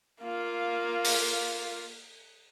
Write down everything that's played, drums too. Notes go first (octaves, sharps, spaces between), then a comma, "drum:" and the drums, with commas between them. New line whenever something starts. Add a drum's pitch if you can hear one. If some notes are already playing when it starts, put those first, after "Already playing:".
A#3 F4
drum: open hi-hat